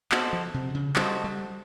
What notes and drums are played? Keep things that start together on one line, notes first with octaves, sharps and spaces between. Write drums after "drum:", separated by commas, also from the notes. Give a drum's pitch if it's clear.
B3 F#4 A4 C5 D#5, drum: clap
F3
C3
C#3
G3 F#4 A4 C5 D#5, drum: clap
G3